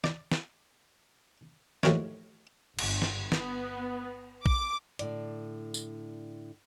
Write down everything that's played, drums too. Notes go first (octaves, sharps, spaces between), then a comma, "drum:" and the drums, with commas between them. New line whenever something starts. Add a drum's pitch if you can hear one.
D5, drum: snare
drum: snare
D#2 A2 F3 F#4 A#4 C#5, drum: snare
G1, drum: cymbal
drum: snare
B3, drum: snare
D6, drum: kick
A2 D3 D5, drum: hi-hat
drum: tambourine